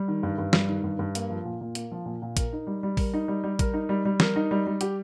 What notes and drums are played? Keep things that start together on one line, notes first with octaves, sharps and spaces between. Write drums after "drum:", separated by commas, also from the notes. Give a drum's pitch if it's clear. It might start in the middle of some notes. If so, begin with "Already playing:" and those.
Already playing: G3
D#3
G2
G2
G3, drum: snare
D#3
G2
G2
A#3, drum: hi-hat
F3
A#2
A#2
A#3, drum: hi-hat
F3
A#2
A#2
A#4, drum: kick, hi-hat
D#4
G3
G3
A#4, drum: kick, open hi-hat
D#4
G3
G3
A#4, drum: kick, hi-hat
D#4
G3
G3
A#4, drum: snare
D#4
G3
G3
G4, drum: hi-hat